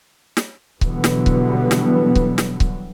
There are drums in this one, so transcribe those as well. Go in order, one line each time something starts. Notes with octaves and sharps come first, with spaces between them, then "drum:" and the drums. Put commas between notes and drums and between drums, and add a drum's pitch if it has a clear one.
drum: snare
B2 D3 E3 F#3 G3 B3, drum: kick C#1
drum: snare
drum: kick C#1
drum: snare
drum: kick C#1
drum: snare
drum: kick C#1